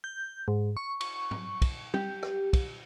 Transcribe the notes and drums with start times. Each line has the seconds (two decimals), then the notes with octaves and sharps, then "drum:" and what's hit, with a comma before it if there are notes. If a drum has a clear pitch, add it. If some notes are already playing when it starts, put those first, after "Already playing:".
0.04 G6
0.48 G#2
0.77 C#6
1.01 C#6, drum: cymbal
1.31 drum: tom G#2
1.62 drum: kick, cymbal
1.94 G4, drum: tom
2.23 drum: rim click
2.53 drum: kick, cymbal